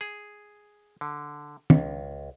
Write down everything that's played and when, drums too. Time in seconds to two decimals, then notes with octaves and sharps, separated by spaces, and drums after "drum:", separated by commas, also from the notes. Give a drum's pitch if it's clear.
0.01 G#4
1.01 D3
1.70 C#2, drum: tom